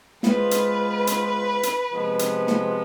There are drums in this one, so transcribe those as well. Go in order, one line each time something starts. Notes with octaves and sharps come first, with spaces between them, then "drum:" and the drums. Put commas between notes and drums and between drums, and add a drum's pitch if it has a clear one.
G#3 B3 F4 B4 C5, drum: snare
drum: hi-hat
drum: hi-hat
drum: hi-hat
C3 F3 G#3 B3
drum: hi-hat
drum: snare